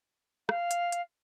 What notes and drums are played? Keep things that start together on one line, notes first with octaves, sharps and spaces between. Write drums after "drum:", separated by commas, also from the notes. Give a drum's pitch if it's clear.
F5, drum: rim click
drum: hi-hat
drum: hi-hat